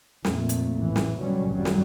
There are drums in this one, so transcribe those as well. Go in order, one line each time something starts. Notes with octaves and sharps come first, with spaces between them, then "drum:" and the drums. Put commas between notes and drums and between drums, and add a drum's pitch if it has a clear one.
F2 A#2 A3, drum: snare
drum: hi-hat
A1 E3
drum: snare
B2 D3 F#3 G3 C#4
G#1 F#2 F#3 G3
drum: snare